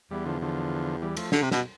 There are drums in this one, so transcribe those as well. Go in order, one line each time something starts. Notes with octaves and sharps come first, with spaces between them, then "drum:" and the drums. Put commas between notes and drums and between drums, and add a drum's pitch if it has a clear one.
E2 E3 G3
D3 F3
D3 F3
E3 G3
F3 A3, drum: cymbal
D3, drum: snare
C3
B2, drum: snare